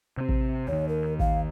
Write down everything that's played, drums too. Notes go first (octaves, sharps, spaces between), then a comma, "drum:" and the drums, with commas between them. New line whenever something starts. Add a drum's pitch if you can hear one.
C3 C4
drum: kick A1
D#2 D#3 C#5
A#4
F5, drum: kick A1